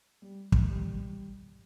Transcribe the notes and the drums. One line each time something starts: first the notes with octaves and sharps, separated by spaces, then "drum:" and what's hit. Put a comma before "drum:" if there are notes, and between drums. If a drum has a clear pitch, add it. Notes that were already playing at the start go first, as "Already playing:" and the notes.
G3
drum: kick
G3